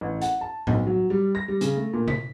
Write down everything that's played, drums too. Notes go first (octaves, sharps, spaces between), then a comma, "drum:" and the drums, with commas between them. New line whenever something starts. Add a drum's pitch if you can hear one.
A1
F#5, drum: hi-hat
A5
B1, drum: tom A2
F#3
G3
A#6
G3
C#3, drum: hi-hat
A3
A#2
B6, drum: tom C3